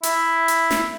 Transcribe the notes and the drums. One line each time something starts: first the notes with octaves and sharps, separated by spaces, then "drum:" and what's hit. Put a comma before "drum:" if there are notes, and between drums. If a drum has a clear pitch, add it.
E4, drum: hi-hat
drum: hi-hat
drum: snare